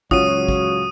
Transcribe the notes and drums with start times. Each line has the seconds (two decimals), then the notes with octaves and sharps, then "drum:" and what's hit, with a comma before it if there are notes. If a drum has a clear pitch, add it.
0.11 C#2 F#3 C#4 F4 F#4 C#5 D#6 D#7, drum: kick
0.48 drum: kick